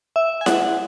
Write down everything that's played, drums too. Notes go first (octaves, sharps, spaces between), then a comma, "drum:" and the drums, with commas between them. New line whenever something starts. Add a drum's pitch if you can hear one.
E5
G#5
F#5, drum: snare E4